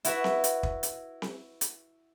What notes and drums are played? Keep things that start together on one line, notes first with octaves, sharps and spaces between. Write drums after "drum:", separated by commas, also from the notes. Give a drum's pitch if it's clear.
E4 F#4 B4 E5, drum: hi-hat
drum: snare C4
drum: hi-hat
drum: kick
drum: hi-hat
drum: snare C4
drum: hi-hat